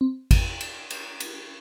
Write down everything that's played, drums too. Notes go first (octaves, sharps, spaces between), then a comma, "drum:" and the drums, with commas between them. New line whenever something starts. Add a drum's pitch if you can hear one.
C4
drum: kick G#1, cymbal
drum: cymbal
drum: cymbal
drum: cymbal